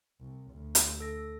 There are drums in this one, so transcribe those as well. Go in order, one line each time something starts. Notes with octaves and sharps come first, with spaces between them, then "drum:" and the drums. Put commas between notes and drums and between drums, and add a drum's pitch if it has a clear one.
C2
D2
drum: hi-hat
A4 A#6